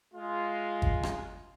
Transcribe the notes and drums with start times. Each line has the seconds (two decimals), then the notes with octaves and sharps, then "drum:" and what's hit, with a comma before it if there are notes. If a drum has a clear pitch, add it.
0.14 G#3 F4
0.82 drum: kick
1.03 drum: rim click